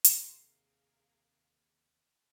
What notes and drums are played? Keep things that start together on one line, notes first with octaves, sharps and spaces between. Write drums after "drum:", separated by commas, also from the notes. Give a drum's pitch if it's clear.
drum: hi-hat
D#2 C3 G#4 A#4 F5 C6